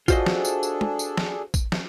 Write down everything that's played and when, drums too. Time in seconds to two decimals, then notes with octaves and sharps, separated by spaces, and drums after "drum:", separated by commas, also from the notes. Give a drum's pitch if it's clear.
0.08 D4 F4 F#4 G#4 A4 C5 D#5, drum: kick, tambourine
0.26 drum: snare
0.45 drum: tambourine
0.63 drum: tambourine
0.81 drum: tom
0.99 drum: tambourine
1.17 drum: snare
1.54 drum: kick, tambourine
1.72 drum: snare